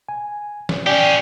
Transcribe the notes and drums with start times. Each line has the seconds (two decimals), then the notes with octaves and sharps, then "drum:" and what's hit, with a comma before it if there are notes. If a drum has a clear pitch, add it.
0.09 G#5
0.69 drum: snare
0.87 C#4 G4 D5 G5 G#5